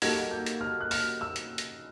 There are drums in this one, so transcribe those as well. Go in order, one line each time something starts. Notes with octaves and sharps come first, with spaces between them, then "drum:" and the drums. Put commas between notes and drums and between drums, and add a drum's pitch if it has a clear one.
G3 A#3 D#4 F#4 A4 G#6, drum: open hi-hat
G6
drum: hi-hat
F6
F#6
F6, drum: open hi-hat
E6
drum: hi-hat
drum: hi-hat